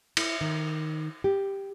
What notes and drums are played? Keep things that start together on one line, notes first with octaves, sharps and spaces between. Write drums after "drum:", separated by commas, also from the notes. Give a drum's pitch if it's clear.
E4, drum: cymbal
D#3
G4